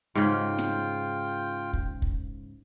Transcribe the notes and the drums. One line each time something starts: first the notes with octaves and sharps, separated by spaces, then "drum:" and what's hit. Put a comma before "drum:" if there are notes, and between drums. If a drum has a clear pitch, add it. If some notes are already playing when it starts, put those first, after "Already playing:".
G#2 C#3 F4 G5
drum: snare
drum: kick
drum: kick